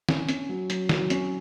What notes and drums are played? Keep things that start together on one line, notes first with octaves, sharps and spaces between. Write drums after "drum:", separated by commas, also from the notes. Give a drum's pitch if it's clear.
C#4, drum: snare
C#4, drum: hi-hat
F#3
F#3, drum: hi-hat
F#3, drum: snare
C#4, drum: hi-hat